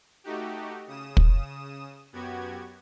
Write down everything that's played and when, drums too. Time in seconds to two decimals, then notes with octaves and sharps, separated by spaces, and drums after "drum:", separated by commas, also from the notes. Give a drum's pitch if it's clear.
0.24 A3 D#4 F#4 G4
0.87 C#3 D#6 E7
1.17 drum: kick
2.13 F#2 B3 F#4 G4 G#6